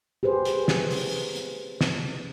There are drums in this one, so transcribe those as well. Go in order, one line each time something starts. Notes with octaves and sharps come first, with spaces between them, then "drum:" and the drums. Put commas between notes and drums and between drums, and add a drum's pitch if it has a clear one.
G4 G#4 B4 C5
drum: hi-hat
drum: snare
drum: open hi-hat
drum: hi-hat
drum: snare